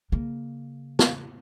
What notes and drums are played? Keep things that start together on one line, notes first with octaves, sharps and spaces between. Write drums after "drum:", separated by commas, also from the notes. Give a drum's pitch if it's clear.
C#3 A#3
drum: snare